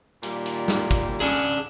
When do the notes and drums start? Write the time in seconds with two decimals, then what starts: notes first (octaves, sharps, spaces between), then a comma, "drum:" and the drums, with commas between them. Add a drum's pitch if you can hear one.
0.23 A#2 D#3 G3, drum: hi-hat
0.46 drum: hi-hat
0.68 drum: snare
0.91 drum: kick, hi-hat
1.20 C#4 D4 G#4
1.36 drum: hi-hat